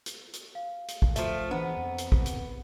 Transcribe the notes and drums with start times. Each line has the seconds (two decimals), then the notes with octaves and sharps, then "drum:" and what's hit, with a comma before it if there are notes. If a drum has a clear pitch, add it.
0.06 drum: hi-hat
0.33 drum: hi-hat
0.55 F5
0.88 drum: hi-hat
1.02 drum: kick
1.16 F3 A3, drum: hi-hat
1.51 E3 B3 D4 C5 A#5
1.77 F2
1.98 drum: hi-hat
2.12 drum: kick
2.26 drum: hi-hat